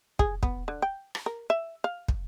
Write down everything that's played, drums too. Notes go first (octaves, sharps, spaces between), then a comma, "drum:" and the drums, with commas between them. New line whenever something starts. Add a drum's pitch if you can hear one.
G#4, drum: kick
B3, drum: kick
D3
G5
drum: rim click
A#4
E5
F5
drum: kick